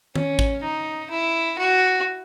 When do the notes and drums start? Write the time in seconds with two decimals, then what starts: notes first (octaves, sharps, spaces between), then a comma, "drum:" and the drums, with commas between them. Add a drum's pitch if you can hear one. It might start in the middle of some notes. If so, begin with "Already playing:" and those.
0.16 C#4, drum: tom
0.39 drum: kick
0.63 D#4
1.10 E4
1.59 F#4